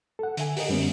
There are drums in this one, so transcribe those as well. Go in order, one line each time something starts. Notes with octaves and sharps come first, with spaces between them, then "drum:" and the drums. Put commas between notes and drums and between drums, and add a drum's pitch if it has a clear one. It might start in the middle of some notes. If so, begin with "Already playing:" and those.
A4 F#5
D3 E5 G#5, drum: hi-hat
G4 A#4 D#5, drum: open hi-hat
F#2 D3 G3 A#3 B3 C#4